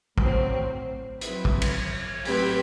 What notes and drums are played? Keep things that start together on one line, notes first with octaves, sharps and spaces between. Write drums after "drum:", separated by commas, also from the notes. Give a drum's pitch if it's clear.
A2 F#3 C4, drum: kick
F#3 C4 E4 B4, drum: hi-hat
drum: kick
drum: cymbal
A2 F#3 C4 G4 B4, drum: open hi-hat